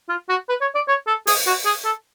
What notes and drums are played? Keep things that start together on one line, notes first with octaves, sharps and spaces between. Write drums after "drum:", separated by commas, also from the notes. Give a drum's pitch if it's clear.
F4
F#4
B4
C#5
D5
C#5
A4
G#4, drum: open hi-hat
F#4
G#4
A4